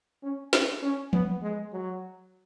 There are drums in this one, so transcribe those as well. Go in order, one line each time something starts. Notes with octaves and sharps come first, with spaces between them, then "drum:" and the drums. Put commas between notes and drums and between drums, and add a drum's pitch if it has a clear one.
C#4
C#4, drum: snare
C#4
B3, drum: tom F3
G#3
F#3